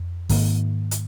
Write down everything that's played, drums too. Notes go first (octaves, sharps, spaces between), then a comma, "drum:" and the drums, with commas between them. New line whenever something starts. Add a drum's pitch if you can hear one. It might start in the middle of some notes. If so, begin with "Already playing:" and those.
Already playing: F2
G#2 D#3 A#3, drum: kick, open hi-hat
drum: hi-hat